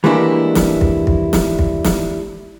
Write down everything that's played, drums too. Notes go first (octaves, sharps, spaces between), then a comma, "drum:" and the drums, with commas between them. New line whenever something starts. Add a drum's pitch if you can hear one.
E3 G3 G#3 A#3 D4 E4
drum: snare
drum: kick
drum: kick
drum: snare
drum: kick
drum: snare